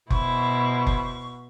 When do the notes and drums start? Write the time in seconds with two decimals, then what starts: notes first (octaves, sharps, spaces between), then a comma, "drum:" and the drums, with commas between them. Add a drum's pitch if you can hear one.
0.10 B2 E4 C5 C#6, drum: kick F1
0.87 drum: kick F1